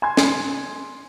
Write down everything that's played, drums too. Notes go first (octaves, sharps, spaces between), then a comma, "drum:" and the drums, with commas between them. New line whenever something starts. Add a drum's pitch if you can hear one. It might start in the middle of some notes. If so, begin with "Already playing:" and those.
G#5 C6 G#6
drum: snare